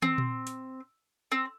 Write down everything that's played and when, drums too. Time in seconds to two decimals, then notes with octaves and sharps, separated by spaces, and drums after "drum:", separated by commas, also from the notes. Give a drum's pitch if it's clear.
0.02 C4, drum: tom
0.18 drum: tom A#2
0.47 drum: hi-hat
1.32 C4